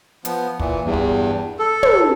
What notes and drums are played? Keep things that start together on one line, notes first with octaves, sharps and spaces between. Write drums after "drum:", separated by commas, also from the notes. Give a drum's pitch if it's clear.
F3 B3, drum: hi-hat
A#2 E3, drum: kick
E2 G2
drum: kick
A4
drum: tom